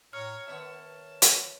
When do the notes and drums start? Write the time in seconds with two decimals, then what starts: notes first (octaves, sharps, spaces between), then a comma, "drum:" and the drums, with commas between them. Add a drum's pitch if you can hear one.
0.13 A2 C#5 A#5 F6
0.47 D#3 B3 C#5 E5 A5
1.22 drum: hi-hat